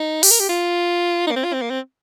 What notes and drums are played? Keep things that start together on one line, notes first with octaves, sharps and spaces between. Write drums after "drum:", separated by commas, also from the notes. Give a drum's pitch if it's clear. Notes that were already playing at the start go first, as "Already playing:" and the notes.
Already playing: D#4
G4, drum: open hi-hat
A#4
G4
F4
D#4
A#3
C4
F4
C4
A#3
C4